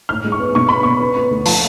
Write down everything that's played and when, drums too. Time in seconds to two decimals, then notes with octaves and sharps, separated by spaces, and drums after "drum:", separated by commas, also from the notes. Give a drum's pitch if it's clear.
0.09 A2 F6
0.24 G#3
0.32 C#6
0.40 B3
0.55 B2 C#6
0.69 B3 B5
0.83 B2 C#6
1.00 B3
1.16 B3
1.31 D2
1.46 F3 A5, drum: open hi-hat